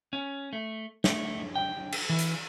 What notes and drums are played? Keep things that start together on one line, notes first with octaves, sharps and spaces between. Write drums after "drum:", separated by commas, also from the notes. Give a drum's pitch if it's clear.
C#4
A3
A3, drum: snare
G5
drum: cymbal
E3
drum: hi-hat